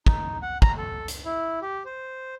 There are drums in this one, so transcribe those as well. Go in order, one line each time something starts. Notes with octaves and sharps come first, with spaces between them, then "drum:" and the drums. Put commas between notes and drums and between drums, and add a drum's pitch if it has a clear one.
D#4, drum: kick
F#5
A#5, drum: kick
A4
drum: hi-hat
E4
G4
C5